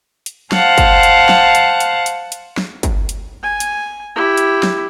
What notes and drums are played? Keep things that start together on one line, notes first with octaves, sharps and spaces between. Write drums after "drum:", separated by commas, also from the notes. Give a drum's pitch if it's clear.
drum: hi-hat
C5 F5 F#5 A5, drum: snare
drum: kick G1, hi-hat
drum: hi-hat
drum: snare
drum: hi-hat
drum: hi-hat
drum: hi-hat
drum: hi-hat
drum: snare
drum: kick G1, hi-hat
drum: hi-hat
G#5
drum: hi-hat
E4 G4
drum: hi-hat
drum: snare